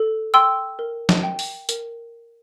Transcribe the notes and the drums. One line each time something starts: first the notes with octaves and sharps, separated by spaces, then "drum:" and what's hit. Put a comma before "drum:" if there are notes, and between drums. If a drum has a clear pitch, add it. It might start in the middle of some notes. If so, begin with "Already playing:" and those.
Already playing: A4
G5 C6 E6
A#4
drum: snare
G5
drum: open hi-hat
A#4, drum: hi-hat